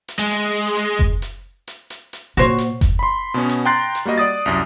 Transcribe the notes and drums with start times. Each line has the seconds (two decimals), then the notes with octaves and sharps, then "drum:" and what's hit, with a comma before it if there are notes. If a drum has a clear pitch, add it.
0.08 drum: hi-hat
0.19 G#3
0.31 drum: hi-hat
0.77 drum: hi-hat
0.99 drum: kick F#1
1.22 drum: hi-hat
1.68 drum: hi-hat
1.90 drum: hi-hat
2.13 drum: hi-hat
2.37 A#2 F#4 C5 C#5
2.58 drum: hi-hat
2.81 drum: kick F#1, hi-hat
2.99 B5 C6
3.34 B2 B3 C#4
3.49 drum: hi-hat
3.66 G5 A#5 C6 F#6 A6 C7
3.95 drum: hi-hat
4.05 G3 A#3 F#4 D#5
4.18 D5 D#6 A6
4.46 C2 F#2